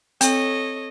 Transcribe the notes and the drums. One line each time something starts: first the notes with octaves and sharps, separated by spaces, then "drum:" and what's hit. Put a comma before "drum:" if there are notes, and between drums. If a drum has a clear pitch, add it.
C4 A4 C#5 D#5, drum: hi-hat